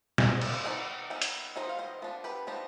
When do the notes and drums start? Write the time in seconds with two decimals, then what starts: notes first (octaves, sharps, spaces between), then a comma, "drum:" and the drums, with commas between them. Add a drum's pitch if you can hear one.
0.18 D#3 B3 D#4 G#4 C5, drum: snare
0.41 D5, drum: cymbal
0.54 C5
0.65 D#3 B3 D#4 B4 D5
1.10 D#3 B3 D#4
1.22 drum: hi-hat
1.56 D#3 B3 D#4 C5 D#5
1.69 F5
1.79 C5 D#5
2.02 F3 B3 D4
2.24 G4 B4
2.47 F3 B3 D4 D#4 G4